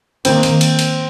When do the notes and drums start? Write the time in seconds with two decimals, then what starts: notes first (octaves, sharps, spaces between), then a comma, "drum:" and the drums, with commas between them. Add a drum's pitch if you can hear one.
0.25 D#3 A#3 C4, drum: cymbal
0.43 drum: cymbal
0.61 drum: cymbal
0.79 drum: cymbal